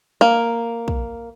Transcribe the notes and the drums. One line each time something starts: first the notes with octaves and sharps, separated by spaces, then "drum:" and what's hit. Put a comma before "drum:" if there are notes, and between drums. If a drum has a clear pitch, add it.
A#3
drum: kick